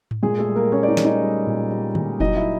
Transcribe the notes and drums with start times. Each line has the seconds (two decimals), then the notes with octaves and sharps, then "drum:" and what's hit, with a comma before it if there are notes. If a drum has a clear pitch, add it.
0.11 drum: tom G#2
0.23 A#2 G#3 G#4
0.39 A3 A4
0.47 G3
0.56 A#3 A#4
0.72 A#3 C#4 C#5
0.83 D5
0.88 D#4 D#5
0.97 G3, drum: snare
1.05 D#4 D#5
1.22 G3
1.46 A#2
1.71 G3
1.95 A#2, drum: tom D3
2.20 F#3 D#4 D#5, drum: kick F1
2.36 E4 E5